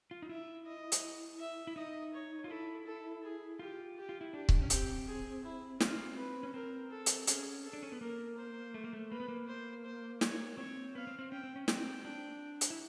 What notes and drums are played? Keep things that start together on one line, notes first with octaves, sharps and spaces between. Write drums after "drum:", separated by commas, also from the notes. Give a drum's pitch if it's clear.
F4
D#4
E4 E5
D#5
drum: hi-hat
E5
E4
D#4 D#5
C#5
F4
E4 A4
A4
G#4
F4 G4
G4
F4
E4
D4 G4
drum: kick C#1
C#4
C4 G4, drum: hi-hat
G#4
E4
C4 F4, drum: snare
C#4
C4
B4
C#4
C4 A#4
A4
drum: hi-hat
C#4 G#4, drum: hi-hat
A4
D4
C#4
B3
A#3 A#4
C5
A3
A#3
A3
A#3 B4
B3
A#3
C5
C5
C#5, drum: snare
C4 C#5
B3 F5
C4
C4
C#4 G5
C4
C#4
C4 G5, drum: snare
D4
drum: hi-hat
E4